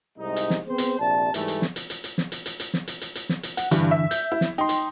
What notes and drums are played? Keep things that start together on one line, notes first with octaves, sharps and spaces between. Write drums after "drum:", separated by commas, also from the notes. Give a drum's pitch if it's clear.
C2 G#2 C3 D#4
drum: hi-hat
drum: snare
B3 C4 G#4 C5
drum: hi-hat
A#1 C3 D5 A5
G#2 E3 G3 A3, drum: hi-hat
drum: hi-hat
drum: snare
drum: hi-hat
drum: hi-hat
drum: hi-hat
drum: snare
drum: hi-hat
drum: hi-hat
drum: hi-hat
drum: snare
drum: hi-hat
drum: hi-hat
drum: hi-hat
drum: snare
drum: hi-hat
F#5, drum: hi-hat
G2 D3 E3 D4, drum: hi-hat
E5
G6, drum: hi-hat
E4
drum: snare
D#4 G5 C6
drum: hi-hat